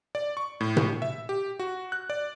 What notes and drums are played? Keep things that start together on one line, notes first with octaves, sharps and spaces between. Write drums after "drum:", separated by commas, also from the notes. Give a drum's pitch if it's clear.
D5
C#6
A2
drum: tom B2
E5
G4
F#4
F#6
D5